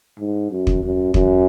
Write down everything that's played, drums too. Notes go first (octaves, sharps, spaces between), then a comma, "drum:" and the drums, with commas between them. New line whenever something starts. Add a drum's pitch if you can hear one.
G#2
F#2
drum: kick
F#2
F#2, drum: kick